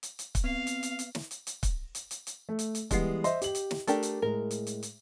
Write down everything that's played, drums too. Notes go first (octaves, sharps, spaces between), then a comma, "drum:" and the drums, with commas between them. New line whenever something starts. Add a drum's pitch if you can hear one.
drum: hi-hat
drum: hi-hat
drum: kick, hi-hat
B3 C4 F5
drum: hi-hat
drum: hi-hat
drum: hi-hat
drum: snare
drum: hi-hat
drum: hi-hat
drum: kick, hi-hat
drum: hi-hat
drum: hi-hat
drum: hi-hat
A3
drum: hi-hat
drum: hi-hat
E3 G3 G#3 B3 C7, drum: kick, hi-hat
C5 D#5 E5 C6, drum: hi-hat
G4 F#7, drum: hi-hat
drum: hi-hat
drum: snare
A3 D4 G4 A#4, drum: hi-hat
drum: hi-hat
A2 G#3 A#4
drum: hi-hat
drum: hi-hat
drum: hi-hat